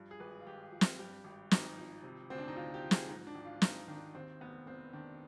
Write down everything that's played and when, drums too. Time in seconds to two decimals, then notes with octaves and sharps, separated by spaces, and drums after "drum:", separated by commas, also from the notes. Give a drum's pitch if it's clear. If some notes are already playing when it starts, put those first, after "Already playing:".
Already playing: G2 F3
0.11 G#4
0.20 G#1 B4
0.40 F4
0.46 G#1 G4
0.72 F3
0.81 drum: snare
0.99 G2 G4
1.24 G#1
1.51 G#1 D#4, drum: snare
1.77 F3
2.03 C3
2.30 D2 C4
2.38 D4
2.48 D#4
2.56 D2 F4
2.74 G4
2.83 F3
2.91 G#4, drum: snare
3.09 G#2 D#4
3.27 D4
3.35 G#1
3.45 F4
3.62 G#1 D#4, drum: snare
3.88 D#3 D4
4.15 D#2 C4
4.41 F1 B3
4.66 F1 C4
4.93 D#3 D4